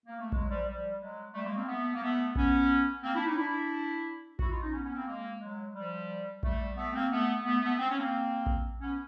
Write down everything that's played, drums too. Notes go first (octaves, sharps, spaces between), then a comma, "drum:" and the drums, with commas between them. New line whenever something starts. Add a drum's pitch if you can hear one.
A#3
A3
F#3 G#3, drum: kick A#1
F3 G3
F3 G3
F#3 G#3
G3 A3
G#3 A#3
A#3 C4
A3 B3
A#3
A3 B3
B3 C#4, drum: kick A#1
A#3 C4
D4 E4
C#4 D#4
D4 E4
E4 F#4, drum: kick A#1
D#4 F4
C#4 D#4
B3 C#4
B3 C#4
A#3 C4
G#3 A#3
F#3 G#3
F3 G3
G3 A3, drum: kick A#1
A3 B3
A#3 C4
A3 B3
A3 B3
A3 B3
C4
C#4
A#3 C4
drum: kick A#1
B3 C#4